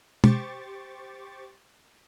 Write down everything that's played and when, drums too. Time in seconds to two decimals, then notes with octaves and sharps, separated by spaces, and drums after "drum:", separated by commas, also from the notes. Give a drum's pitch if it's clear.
0.24 G4 C5 C#6 D6 A6, drum: tom